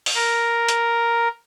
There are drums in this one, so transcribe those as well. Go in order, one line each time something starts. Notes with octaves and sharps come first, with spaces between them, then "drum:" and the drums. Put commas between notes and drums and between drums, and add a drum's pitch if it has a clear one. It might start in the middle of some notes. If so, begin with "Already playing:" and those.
drum: open hi-hat
A#4
drum: hi-hat